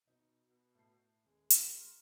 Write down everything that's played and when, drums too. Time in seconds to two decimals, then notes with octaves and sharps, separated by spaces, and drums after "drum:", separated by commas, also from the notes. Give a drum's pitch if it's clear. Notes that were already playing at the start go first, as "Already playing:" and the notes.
0.07 B2 D#4
0.49 B2
0.75 A2 A5 C7
1.25 D#1 G#3
1.50 drum: hi-hat
1.77 A#5 C6 F6